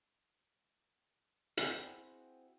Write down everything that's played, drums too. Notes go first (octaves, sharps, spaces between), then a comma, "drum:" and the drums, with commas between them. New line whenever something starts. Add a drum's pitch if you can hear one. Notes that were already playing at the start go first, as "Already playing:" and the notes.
C4 E4 F#4 G#4 C5 G5, drum: hi-hat